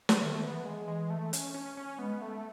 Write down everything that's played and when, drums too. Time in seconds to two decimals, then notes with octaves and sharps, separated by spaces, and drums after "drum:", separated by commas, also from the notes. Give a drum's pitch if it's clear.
0.09 drum: snare
0.21 D#3 A3
0.43 B3
0.50 E3
0.66 G#3
0.81 E3
0.88 G#3
1.10 A3
1.33 C#4, drum: hi-hat
1.54 C#4
1.77 C#4
1.99 G#3 B3
2.22 A3